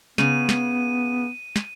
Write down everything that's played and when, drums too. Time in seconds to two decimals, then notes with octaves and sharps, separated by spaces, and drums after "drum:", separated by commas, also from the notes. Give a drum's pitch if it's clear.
0.18 C#3 B3 D#7, drum: snare
0.49 drum: snare
1.56 drum: snare